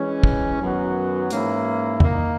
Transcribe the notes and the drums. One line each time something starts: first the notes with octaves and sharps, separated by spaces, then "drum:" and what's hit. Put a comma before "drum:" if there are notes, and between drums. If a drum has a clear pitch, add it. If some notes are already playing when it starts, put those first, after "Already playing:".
Already playing: E3 G#3 C#4
drum: kick
F#2 D#3 F#3 B3 F#4
G#2 E3 A#3 C#4 E4, drum: hi-hat
D#3 A#3 D#4, drum: tom E2